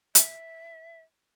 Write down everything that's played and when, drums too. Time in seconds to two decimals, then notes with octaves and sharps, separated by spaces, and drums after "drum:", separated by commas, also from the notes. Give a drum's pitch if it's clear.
0.15 E5, drum: hi-hat